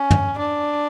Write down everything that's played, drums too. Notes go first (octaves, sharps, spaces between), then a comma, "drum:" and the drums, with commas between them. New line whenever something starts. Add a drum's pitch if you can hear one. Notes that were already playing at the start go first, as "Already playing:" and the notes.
Already playing: C#4
drum: tom
D4